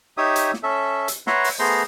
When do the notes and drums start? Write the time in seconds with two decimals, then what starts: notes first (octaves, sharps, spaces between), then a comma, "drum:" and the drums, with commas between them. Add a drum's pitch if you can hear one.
0.17 D#4 G4 C#5 E5 D#6
0.36 drum: hi-hat
0.54 drum: snare
0.63 C#4 A4 E5
1.08 drum: hi-hat
1.27 B4 C#5 E5 F#5 A#5 C6, drum: snare
1.44 drum: open hi-hat
1.59 A3 B3 G#4 C5 A#5 C6